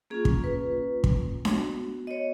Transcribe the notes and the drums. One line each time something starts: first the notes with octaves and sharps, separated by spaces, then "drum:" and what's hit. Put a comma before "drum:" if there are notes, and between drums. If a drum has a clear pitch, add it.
A#3 C#4 F4 G#4
drum: kick
B4
drum: kick
B3 F#4, drum: snare D4
D#5
C#5